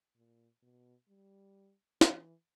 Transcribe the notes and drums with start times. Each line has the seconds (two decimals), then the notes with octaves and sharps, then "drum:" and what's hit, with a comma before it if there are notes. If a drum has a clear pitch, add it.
0.16 A#2
0.62 B2
1.09 G3
2.01 E3, drum: snare